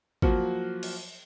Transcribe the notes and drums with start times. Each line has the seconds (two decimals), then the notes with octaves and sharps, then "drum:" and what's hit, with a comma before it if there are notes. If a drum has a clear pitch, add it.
0.22 F3 F#3 A#3 F#4, drum: kick
0.83 drum: cymbal